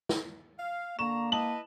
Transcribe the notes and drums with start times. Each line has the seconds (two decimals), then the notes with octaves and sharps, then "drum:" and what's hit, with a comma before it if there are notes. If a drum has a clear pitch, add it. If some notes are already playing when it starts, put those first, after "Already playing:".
0.09 drum: snare
0.59 F5
0.99 D3 A#3 D4 A#5 C#6 E7
1.32 E4 B4 D#5 A5 F#7